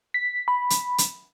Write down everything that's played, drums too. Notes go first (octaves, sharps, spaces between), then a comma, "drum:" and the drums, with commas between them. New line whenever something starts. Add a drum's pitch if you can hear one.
B6
B5
drum: hi-hat
drum: hi-hat